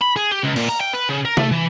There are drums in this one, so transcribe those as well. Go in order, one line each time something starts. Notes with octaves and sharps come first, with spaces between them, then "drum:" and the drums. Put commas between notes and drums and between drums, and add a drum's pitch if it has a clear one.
B5
G#4
G4
C#2
A#2, drum: cymbal
A#5
G5
B4
C#3
A#4
A3, drum: tom C3
E3